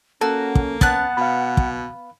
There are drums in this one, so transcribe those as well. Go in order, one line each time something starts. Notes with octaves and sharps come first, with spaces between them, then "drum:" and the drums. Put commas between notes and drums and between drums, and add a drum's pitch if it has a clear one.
A#3 C#4 F#4 A4
drum: kick
B3 C#4 F#5 A5 F#6, drum: kick
B2 F5 B5
drum: kick